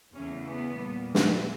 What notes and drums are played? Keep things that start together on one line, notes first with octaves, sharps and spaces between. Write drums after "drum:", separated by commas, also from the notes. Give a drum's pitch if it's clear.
E2 C#3 E3 A3 C#4
B3
A#2 G3 A#3
drum: snare